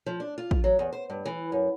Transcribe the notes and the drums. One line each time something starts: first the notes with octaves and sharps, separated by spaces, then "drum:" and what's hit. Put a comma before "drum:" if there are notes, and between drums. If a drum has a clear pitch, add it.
F3
D4
F4
drum: kick
F#3
E2
C5
G2
E3
F#2